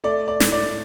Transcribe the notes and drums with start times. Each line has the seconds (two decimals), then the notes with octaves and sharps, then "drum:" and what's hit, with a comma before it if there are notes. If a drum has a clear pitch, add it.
0.04 A3 D5
0.28 D5
0.40 A2, drum: snare
0.52 D5